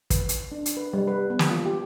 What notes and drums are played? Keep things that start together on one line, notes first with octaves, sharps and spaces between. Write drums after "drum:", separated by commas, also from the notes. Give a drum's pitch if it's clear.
B4, drum: kick, hi-hat
drum: hi-hat
D4
drum: hi-hat
B4
G3
B4
B3
drum: snare
F4
G4